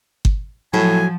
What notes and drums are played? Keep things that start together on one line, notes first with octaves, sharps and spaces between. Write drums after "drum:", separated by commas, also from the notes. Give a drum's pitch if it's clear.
drum: kick G1
A2 F3 F#3 G#5